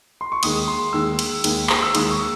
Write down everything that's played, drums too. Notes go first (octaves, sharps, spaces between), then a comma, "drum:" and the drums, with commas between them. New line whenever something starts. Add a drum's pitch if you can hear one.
C6
C#6
D#2 D#3 G#3 D#6, drum: cymbal
C6
D#2 D#3 G#3 E6
drum: cymbal
D#2 D#3 G#3, drum: cymbal
drum: clap
E6
D#2 D#3 G#3 D#6, drum: cymbal
C#6